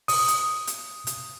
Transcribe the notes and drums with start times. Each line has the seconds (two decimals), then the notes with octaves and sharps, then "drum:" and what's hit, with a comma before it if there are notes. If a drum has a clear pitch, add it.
0.08 D#6, drum: open hi-hat
0.28 drum: hi-hat
0.67 drum: hi-hat
1.07 drum: hi-hat